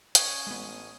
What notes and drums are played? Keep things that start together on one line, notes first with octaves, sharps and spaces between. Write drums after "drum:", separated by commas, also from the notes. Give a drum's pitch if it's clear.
C#4 C#5 D#6, drum: hi-hat
A1 G#3 B3